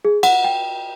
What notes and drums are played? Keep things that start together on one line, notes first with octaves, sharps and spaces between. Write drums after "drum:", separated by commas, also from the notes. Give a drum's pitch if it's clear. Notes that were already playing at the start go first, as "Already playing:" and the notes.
G#4
F#5, drum: cymbal
G5